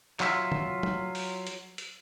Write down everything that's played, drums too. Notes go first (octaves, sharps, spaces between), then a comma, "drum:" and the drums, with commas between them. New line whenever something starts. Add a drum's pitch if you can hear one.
F#3 F4 E5, drum: clap
drum: tom
drum: tom
drum: open hi-hat
drum: hi-hat
drum: hi-hat